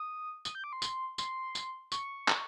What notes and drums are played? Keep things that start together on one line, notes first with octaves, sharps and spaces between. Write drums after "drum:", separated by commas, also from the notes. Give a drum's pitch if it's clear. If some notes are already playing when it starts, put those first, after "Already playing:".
Already playing: D#6
D#6, drum: tambourine
G6
D6
C6
drum: tambourine
C6, drum: tambourine
drum: tambourine
C#6, drum: tambourine
drum: clap